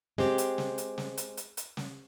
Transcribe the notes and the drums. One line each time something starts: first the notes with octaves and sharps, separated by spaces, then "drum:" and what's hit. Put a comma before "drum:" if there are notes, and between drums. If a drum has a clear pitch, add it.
G#3 C4 G4, drum: snare
drum: hi-hat
drum: snare
drum: hi-hat
drum: snare
drum: hi-hat
drum: hi-hat
drum: hi-hat
drum: snare